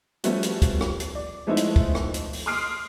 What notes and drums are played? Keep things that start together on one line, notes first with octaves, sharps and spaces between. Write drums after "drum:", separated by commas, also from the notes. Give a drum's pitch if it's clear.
F3 G3 A3 B3 C#4 F#4, drum: hi-hat
drum: hi-hat
drum: kick, hi-hat
drum: rim click
drum: hi-hat
D5
F3 G#3 A3 B3 D#4 E4
drum: hi-hat
drum: kick
drum: rim click
drum: hi-hat
drum: open hi-hat
C6 D6 D#6 F6 C7 D7